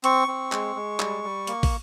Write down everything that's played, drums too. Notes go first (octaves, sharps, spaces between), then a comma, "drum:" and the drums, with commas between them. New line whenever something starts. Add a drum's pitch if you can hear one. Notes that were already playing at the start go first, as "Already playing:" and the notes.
C4 C#6, drum: hi-hat
C4
G#3, drum: clap
G#3
G3, drum: clap
G3
A#3, drum: hi-hat
drum: kick, open hi-hat